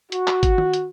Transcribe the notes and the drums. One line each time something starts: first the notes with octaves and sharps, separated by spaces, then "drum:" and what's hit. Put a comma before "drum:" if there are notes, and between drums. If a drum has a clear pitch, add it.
F#4, drum: hi-hat
drum: clap
drum: kick, hi-hat
drum: tom D#3
drum: hi-hat